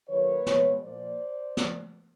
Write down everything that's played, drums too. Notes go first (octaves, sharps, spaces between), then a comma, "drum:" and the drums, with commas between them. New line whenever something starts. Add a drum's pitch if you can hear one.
D#3 F#3 A#3 B4 C#5
B2 G#3, drum: snare
A#2 F3 A#3 C5 D5
drum: snare